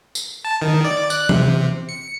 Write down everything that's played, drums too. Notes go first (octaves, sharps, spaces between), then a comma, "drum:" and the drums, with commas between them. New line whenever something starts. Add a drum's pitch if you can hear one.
drum: tambourine
A5
D#3
D5
F#6, drum: tambourine
C3, drum: tom E3
C#7